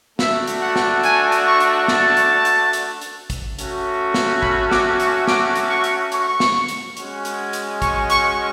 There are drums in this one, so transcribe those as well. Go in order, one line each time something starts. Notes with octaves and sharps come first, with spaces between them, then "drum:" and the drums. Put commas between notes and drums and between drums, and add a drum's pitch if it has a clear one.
A3 D4 F#4 E5, drum: snare
drum: hi-hat
F#5
drum: snare
G#5, drum: hi-hat
drum: hi-hat
C#6
drum: hi-hat
A5, drum: snare
drum: hi-hat
drum: hi-hat
drum: hi-hat
drum: hi-hat
drum: kick, hi-hat
A3 C#4 F#4, drum: hi-hat
drum: snare
B5, drum: kick
D6, drum: snare
C#6, drum: hi-hat
D6, drum: snare
drum: hi-hat
C#6
drum: hi-hat
C#6, drum: hi-hat
drum: snare
drum: hi-hat
G#3 C#4 F#4, drum: hi-hat
drum: hi-hat
drum: hi-hat
C#6, drum: kick, hi-hat
C#6, drum: hi-hat